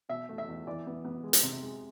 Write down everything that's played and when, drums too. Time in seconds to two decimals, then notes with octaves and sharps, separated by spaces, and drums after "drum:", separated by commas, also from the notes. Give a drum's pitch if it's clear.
0.09 B2 E5
0.29 A3
0.38 E5
0.48 E2
0.67 E3 D5
0.86 B3
1.05 B3
1.23 G#3
1.33 drum: hi-hat
1.43 C3
1.62 G#3